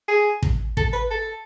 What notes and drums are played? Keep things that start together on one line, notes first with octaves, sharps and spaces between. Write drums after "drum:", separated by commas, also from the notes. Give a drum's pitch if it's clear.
G#4
drum: kick
A4, drum: kick
B4
A4